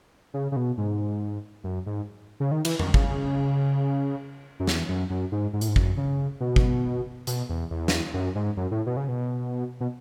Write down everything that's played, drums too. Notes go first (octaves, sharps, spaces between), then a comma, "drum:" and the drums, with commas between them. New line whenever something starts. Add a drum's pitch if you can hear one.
C#3
C#3
B2
G#2
F#2
G#2
C#3
D#3
E3, drum: cymbal
D#3, drum: tom F2
C#3, drum: kick
F#2
E2, drum: snare
F#2
F#2
G#2
G#2
A2, drum: hi-hat
G#2
F#2, drum: kick
C#3
B2
drum: kick
B2, drum: hi-hat
E2
E2
drum: snare
F#2
G#2
F#2
A2
B2
C#3
B2
B2